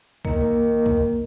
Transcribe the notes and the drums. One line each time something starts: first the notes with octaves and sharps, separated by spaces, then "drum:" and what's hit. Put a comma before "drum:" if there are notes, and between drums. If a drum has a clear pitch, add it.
D#3 A#3, drum: kick B1
drum: kick B1